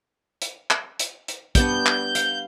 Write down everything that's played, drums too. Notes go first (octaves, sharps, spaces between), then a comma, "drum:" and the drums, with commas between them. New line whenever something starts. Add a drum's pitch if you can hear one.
drum: hi-hat
drum: clap
drum: hi-hat
drum: hi-hat
G3 B3 D4 G6, drum: kick, hi-hat
drum: clap
F5, drum: hi-hat